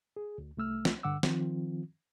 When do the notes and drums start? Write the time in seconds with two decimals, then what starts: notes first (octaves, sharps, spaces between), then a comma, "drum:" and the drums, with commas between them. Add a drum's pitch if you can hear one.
0.16 G#4
0.38 D2
0.57 C2 A3 E6 F6
0.85 drum: snare
1.03 G2 D3 F#5 D6 E6
1.23 D#3 F3 C4 F4, drum: snare